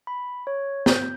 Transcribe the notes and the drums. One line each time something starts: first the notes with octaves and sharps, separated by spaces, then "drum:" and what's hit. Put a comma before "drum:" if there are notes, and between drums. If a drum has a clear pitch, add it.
B5
C#5
G6, drum: snare